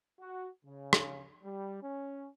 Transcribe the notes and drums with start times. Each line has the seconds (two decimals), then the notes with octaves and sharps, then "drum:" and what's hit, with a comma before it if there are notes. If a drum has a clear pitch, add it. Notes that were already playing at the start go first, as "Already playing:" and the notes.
0.20 F#4
0.65 C#3
0.93 drum: rim click
1.44 G3
1.83 C#4